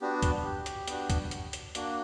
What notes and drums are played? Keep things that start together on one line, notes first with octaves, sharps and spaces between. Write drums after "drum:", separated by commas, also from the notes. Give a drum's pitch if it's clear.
B3 D4 F#4 G4
drum: kick, hi-hat
G4
drum: hi-hat
B3 D4 F#4, drum: hi-hat
drum: kick, hi-hat
drum: hi-hat
drum: hi-hat
A#3 D4 F#4, drum: hi-hat